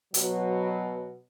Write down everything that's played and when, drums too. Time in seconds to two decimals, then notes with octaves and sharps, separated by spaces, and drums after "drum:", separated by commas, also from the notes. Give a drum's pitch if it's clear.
0.14 B2 F#3, drum: hi-hat